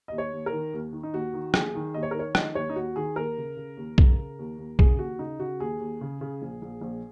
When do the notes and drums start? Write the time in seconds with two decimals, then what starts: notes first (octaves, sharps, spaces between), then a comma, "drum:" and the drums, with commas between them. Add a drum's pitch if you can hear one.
0.08 D#2 D#5
0.18 C#5
0.33 D#2
0.46 A#4
0.52 D#3
0.73 D#2
0.93 D#3
1.03 D#4
1.13 D#2 F#4
1.34 D#3
1.54 D#2 G#4, drum: rim click
1.75 D#3
1.94 D#2 D#5
2.03 C#5
2.11 A#4
2.14 D#3 C#5
2.35 D#3 D#5, drum: rim click
2.55 D#2 C#5
2.70 D#4
2.76 D#2 F#4
2.96 D#3 G#4
3.16 D#2 A#4
3.37 C#3
3.57 C#3
3.77 D#2
3.98 C#3, drum: kick B1
4.18 C#3
4.39 D#2
4.58 D#2
4.79 C#3 G#4, drum: kick B1
4.99 D#2 F#4
5.19 C#3 D#4
5.39 C#3 F#4
5.60 D#2 G#4
5.80 D#2
6.01 C#3
6.21 C#3
6.42 A#1
6.62 A#1
6.81 A#1